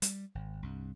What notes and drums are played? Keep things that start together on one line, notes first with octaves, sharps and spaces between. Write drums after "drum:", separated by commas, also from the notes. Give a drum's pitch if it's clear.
G3, drum: hi-hat
G#1
C2 G2